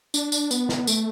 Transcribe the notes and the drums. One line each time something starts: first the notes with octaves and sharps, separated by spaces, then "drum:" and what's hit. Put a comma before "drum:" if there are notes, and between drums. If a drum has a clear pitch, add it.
D4, drum: tambourine
drum: tambourine
B3, drum: tambourine
drum: snare
A3, drum: tambourine